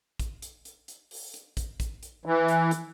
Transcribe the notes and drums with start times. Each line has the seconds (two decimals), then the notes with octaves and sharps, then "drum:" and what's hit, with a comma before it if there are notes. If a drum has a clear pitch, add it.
0.20 drum: kick, hi-hat
0.42 drum: hi-hat
0.65 drum: hi-hat
0.88 drum: hi-hat
1.11 drum: open hi-hat
1.34 drum: hi-hat
1.57 drum: kick, hi-hat
1.80 drum: kick, hi-hat
2.03 drum: hi-hat
2.25 E3
2.48 drum: hi-hat
2.71 drum: hi-hat